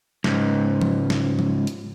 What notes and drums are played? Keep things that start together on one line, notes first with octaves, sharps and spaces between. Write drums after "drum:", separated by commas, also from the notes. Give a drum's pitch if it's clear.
C#2 G#2, drum: snare
drum: tom F3
drum: snare
drum: tom F3
drum: hi-hat